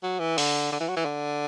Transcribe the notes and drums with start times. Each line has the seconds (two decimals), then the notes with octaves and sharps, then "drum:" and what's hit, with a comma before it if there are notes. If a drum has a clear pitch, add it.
0.03 F#3
0.20 E3
0.38 D3, drum: open hi-hat
0.72 D3
0.80 E3
0.89 F#3
0.97 E3
1.05 D3